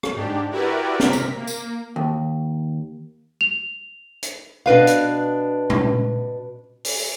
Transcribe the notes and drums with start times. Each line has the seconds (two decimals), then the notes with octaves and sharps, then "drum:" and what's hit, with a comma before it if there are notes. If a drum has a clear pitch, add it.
0.03 drum: rim click
0.14 G#2 D4 G4
0.50 E4 F#4 G4 A#4 B4 D5
1.00 C3 A#4 B6, drum: snare
1.13 drum: tambourine
1.35 A#3
1.47 drum: tambourine
1.96 D#2
3.41 F7
4.23 drum: hi-hat
4.66 B2 D4 B4 F5
4.87 drum: hi-hat
5.70 drum: tom A#2
6.85 drum: open hi-hat